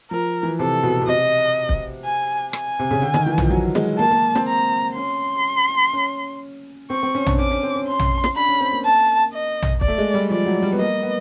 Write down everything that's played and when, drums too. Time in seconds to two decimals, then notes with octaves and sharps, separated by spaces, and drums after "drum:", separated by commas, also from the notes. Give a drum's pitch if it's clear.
0.11 F3 A#4
0.43 E3
0.59 C3 A4
0.83 B2
1.02 B2
1.07 C3 D#5
1.69 drum: kick
2.04 G#5
2.53 G#5, drum: rim click
2.79 C3
2.91 C#3
3.02 D3
3.14 D#3, drum: snare
3.26 E3
3.38 F3, drum: tom A#1
3.50 F#3
3.75 G#3, drum: snare
3.99 A#3 A5
4.11 A#3
4.35 C4, drum: snare
4.47 A#5
4.96 C#4 C6
5.93 C#4
6.90 C4 C#6
7.03 C4
7.15 C#4
7.26 D4, drum: tom A#1
7.39 C#4 D6
7.51 C#4
7.63 C4
7.76 C#4
7.87 C6
7.99 drum: tom A#1
8.24 drum: snare
8.36 D4 B5
8.49 C#4
8.60 C4
8.73 A#3
8.84 A5
9.33 D#5
9.62 drum: tom A#1
9.81 D5, drum: kick
9.88 A3
9.98 G#3
10.14 G3
10.30 F3 D5
10.46 F#3
10.62 G3
10.72 B3
10.79 A#3 D#5
11.03 B3